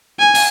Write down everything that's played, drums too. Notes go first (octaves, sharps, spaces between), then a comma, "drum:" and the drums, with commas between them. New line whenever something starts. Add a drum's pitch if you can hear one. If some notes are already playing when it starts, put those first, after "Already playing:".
G#5
drum: open hi-hat